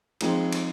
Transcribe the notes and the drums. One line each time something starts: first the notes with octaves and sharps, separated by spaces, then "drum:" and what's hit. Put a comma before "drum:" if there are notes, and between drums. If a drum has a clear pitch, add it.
F3 G#3 C4 D#4, drum: cymbal
drum: cymbal